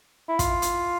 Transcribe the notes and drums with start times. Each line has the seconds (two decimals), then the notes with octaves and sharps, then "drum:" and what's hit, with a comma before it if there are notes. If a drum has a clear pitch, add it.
0.28 E4
0.39 F4, drum: kick, hi-hat
0.62 drum: hi-hat